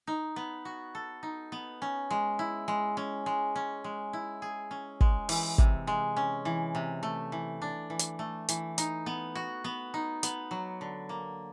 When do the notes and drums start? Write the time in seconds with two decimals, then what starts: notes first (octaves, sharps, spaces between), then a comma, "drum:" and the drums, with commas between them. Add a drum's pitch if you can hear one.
0.07 D#4
0.36 B3
0.65 F#4
0.95 A4
1.23 D#4
1.52 B3
1.82 C#4
2.10 G#3
2.39 E4
2.68 G#3
2.97 C#4
3.26 G#3
3.56 C#4
3.84 G#3
4.13 E4
4.42 G#4
4.71 C#4
5.01 G#3, drum: kick
5.29 E3, drum: open hi-hat
5.58 C3, drum: kick
5.87 G#3
6.17 C#4
6.45 E3
6.75 C3
7.03 A3
7.32 E3
7.62 D4
7.90 E3
7.99 drum: hi-hat
8.19 A3
8.48 E3, drum: hi-hat
8.78 D#4, drum: hi-hat
9.06 B3
9.35 F#4
9.64 B3
9.94 D#4
10.23 B3, drum: hi-hat
10.51 F#3
10.81 D3
11.09 A#3